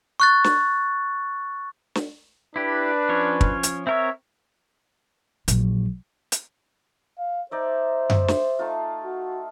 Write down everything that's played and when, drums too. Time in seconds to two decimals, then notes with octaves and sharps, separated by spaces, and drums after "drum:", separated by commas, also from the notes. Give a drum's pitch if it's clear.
0.20 C#6 F#6 A6
0.44 drum: snare
1.95 drum: snare
2.56 D4 E4 G4 B4
3.09 F3 C#4 C#5
3.41 drum: kick
3.63 drum: hi-hat
3.87 C4 A#4 C#5 E5
5.48 A#1 F#3, drum: hi-hat
6.32 drum: hi-hat
7.19 F5
7.51 D#4 C5 D5 E5
8.10 E5, drum: tom F#2
8.28 drum: snare
8.59 A3 D#4 F4
9.04 F#4